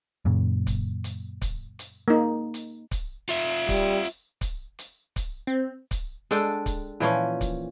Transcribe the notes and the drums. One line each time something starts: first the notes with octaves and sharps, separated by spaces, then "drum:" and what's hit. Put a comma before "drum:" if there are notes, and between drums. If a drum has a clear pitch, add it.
F#2 A#2 C#3
drum: kick C#1, hi-hat
drum: hi-hat
drum: kick C#1, hi-hat
drum: hi-hat
A#3 D#4
drum: hi-hat
drum: kick C#1, hi-hat
F4 E5, drum: hi-hat
G3, drum: kick C#1, hi-hat
drum: hi-hat
drum: kick C#1, hi-hat
drum: hi-hat
drum: kick C#1, hi-hat
C4
drum: kick C#1, hi-hat
G#3 D4 A4 G5, drum: hi-hat
drum: kick C#1, hi-hat
A#2 E3 F3 C#4
drum: kick C#1, hi-hat